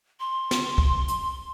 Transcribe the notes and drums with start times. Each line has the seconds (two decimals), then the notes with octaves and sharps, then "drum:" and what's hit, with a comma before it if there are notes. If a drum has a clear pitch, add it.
0.20 C6
0.51 drum: snare
0.78 drum: kick
1.08 drum: hi-hat